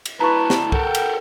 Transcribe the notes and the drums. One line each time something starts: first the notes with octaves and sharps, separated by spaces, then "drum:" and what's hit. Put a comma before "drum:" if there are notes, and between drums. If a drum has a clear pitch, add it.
drum: cymbal
D2 E4 B4 A5 A#5 C#6
drum: snare
A4 A#4 F#5 G5, drum: kick
drum: cymbal